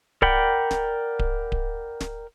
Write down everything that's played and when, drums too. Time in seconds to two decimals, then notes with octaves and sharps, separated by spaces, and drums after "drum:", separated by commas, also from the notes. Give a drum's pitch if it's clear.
0.22 A#4 D5 F#5 G5 B5, drum: kick D1
0.71 drum: snare
1.19 drum: kick D1
1.52 drum: kick D1
2.01 drum: snare